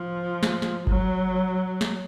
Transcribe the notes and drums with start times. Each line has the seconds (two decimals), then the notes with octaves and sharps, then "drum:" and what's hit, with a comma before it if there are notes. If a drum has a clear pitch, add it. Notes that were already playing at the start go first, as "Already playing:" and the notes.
Already playing: F3
0.43 drum: snare
0.62 drum: snare
0.87 F#3, drum: kick G1
1.81 drum: snare